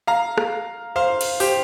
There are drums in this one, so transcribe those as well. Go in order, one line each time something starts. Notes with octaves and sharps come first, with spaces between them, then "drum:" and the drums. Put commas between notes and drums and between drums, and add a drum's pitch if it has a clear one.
F5 A#5
drum: rim click
C5 F5
drum: cymbal
G4 C5, drum: open hi-hat